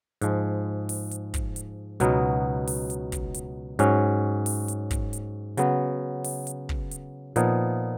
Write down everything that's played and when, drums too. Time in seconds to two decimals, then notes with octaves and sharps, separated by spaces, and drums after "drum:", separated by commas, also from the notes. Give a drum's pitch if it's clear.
0.21 G#2 F3 G#3, drum: hi-hat
0.89 drum: open hi-hat
1.11 drum: hi-hat
1.34 drum: kick, hi-hat
1.56 drum: hi-hat
2.00 C#2 B2 F#3 B3 D#4, drum: hi-hat
2.67 drum: open hi-hat
2.90 drum: hi-hat
3.12 drum: kick, hi-hat
3.34 drum: hi-hat
3.79 G#2 F#3 C#4, drum: hi-hat
4.46 drum: open hi-hat
4.68 drum: hi-hat
4.91 drum: kick, hi-hat
5.13 drum: hi-hat
5.57 C#3 F#3 B3, drum: hi-hat
6.24 drum: open hi-hat
6.47 drum: hi-hat
6.69 drum: kick
6.91 drum: hi-hat
7.36 A#2 F3 B3 D#4, drum: hi-hat